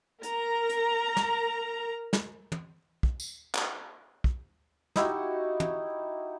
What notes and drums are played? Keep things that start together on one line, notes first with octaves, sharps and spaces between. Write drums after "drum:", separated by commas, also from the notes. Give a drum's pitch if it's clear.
A#4 A#5, drum: hi-hat
drum: hi-hat
drum: snare
drum: snare
drum: tom
drum: kick
drum: tambourine
drum: clap
drum: kick
D#4 E4 F#4 G4, drum: snare
drum: tom